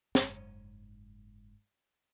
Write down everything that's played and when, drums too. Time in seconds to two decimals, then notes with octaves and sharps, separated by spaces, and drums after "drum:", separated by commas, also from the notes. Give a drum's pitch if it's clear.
0.15 F#1 G#2, drum: snare